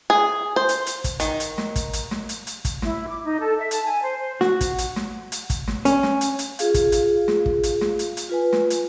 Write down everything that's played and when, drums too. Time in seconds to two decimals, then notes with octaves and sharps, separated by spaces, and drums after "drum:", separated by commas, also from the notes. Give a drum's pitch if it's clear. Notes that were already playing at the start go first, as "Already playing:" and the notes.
0.10 G#4
0.56 C5
0.69 drum: hi-hat
0.86 drum: hi-hat
1.04 drum: kick, hi-hat
1.20 D#3, drum: hi-hat
1.40 drum: hi-hat
1.58 drum: snare
1.76 drum: kick, hi-hat
1.93 drum: hi-hat
2.11 drum: snare
2.29 drum: hi-hat
2.47 drum: hi-hat
2.65 drum: kick, hi-hat
2.82 E4, drum: snare
3.07 D6
3.25 D#4
3.40 A4
3.59 E5
3.71 A5, drum: hi-hat
3.84 G#5
4.02 C5
4.20 C5
4.41 F#4, drum: snare
4.61 drum: kick, hi-hat
4.78 drum: hi-hat
4.96 drum: snare
5.32 drum: hi-hat
5.50 drum: kick, hi-hat
5.67 drum: snare
5.85 C#4, drum: hi-hat
6.03 drum: snare
6.21 drum: hi-hat
6.39 drum: hi-hat
6.59 F4 G#4 F5, drum: hi-hat
6.74 drum: kick, hi-hat
6.92 drum: hi-hat
7.28 drum: snare
7.46 drum: kick
7.63 drum: hi-hat
7.81 drum: snare
7.99 drum: hi-hat
8.17 drum: hi-hat
8.29 F4 B4 G#5
8.53 drum: snare
8.70 drum: hi-hat